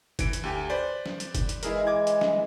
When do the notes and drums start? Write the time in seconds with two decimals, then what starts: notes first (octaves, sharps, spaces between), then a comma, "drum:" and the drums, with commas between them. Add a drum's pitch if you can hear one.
0.19 E3 D7, drum: kick F#1, hi-hat
0.33 drum: hi-hat
0.43 D2 G4 G#5
0.70 B4 C5 D5
1.06 drum: snare
1.20 drum: hi-hat
1.35 drum: kick F#1, hi-hat
1.49 drum: hi-hat
1.63 E3 G#3 E4 G#4 A#4, drum: hi-hat
1.87 D6 G#6
2.07 drum: hi-hat
2.21 drum: snare